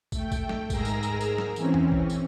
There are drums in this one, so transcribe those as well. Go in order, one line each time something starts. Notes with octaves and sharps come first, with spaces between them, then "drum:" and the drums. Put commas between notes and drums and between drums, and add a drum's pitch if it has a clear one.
A3 G5, drum: kick, tambourine
drum: kick, tambourine
drum: snare F#3
G#2 G#4 A#4 A#5 E6 A#6, drum: kick, tambourine
drum: tambourine
drum: tambourine
drum: tambourine
drum: snare F#3
E3 C4 C#4, drum: tambourine
drum: tom E2
drum: kick
drum: tambourine